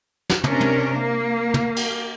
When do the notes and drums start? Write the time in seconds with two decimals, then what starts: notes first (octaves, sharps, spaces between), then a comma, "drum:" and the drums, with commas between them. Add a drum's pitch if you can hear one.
0.30 drum: snare
0.44 C3 C#4 D4 A#4, drum: tom
0.61 drum: tom
0.98 A#3
1.54 drum: tom
1.76 drum: cymbal